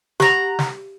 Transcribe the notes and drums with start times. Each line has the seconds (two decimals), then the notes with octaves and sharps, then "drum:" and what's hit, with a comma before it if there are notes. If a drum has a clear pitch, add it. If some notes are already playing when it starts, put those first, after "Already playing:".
0.20 G4 F#5 A#5, drum: snare
0.59 drum: snare